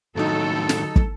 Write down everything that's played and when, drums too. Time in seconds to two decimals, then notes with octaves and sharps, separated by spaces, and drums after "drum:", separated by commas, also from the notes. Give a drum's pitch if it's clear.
0.16 A2 D#3 F#3 D#4 A4
0.69 drum: snare
0.96 drum: kick